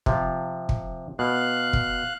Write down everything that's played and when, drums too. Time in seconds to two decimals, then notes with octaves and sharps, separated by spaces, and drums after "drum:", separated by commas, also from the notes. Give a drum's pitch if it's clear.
0.06 C3 F3, drum: kick
0.69 drum: kick
1.19 B2 F5 F#6
1.73 drum: kick